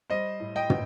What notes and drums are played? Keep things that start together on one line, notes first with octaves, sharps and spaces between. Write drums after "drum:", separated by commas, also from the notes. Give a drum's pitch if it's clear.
G3 C5 D#5
A2
D#5 G5
A2, drum: tom